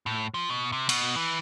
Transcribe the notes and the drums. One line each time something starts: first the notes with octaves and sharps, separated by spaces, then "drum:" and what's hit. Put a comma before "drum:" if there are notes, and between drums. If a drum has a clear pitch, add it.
A2
F3
B2
C3
B2, drum: cymbal
E3